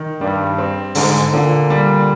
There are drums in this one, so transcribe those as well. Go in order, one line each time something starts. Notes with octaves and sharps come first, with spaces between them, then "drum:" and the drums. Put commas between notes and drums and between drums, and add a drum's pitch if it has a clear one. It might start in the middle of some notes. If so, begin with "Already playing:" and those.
Already playing: D#3
G2 G3
C4
G#2 D3, drum: open hi-hat
A#2 D3
G3